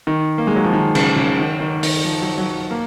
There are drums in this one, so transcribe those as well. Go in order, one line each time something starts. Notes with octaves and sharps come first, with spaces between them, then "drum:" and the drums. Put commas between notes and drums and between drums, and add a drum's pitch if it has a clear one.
D#3
A#3
G#3
F#3
F3
D#3
C#3, drum: cymbal
C#3
D#3
D#3
D#3, drum: open hi-hat
F3
F#3
F#3
A#3